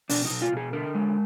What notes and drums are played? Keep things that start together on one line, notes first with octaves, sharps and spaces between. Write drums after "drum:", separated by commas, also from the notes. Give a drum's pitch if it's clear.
B2 D4, drum: open hi-hat
B2 D#4
F4
B2 G#4
D3 A#4
G#3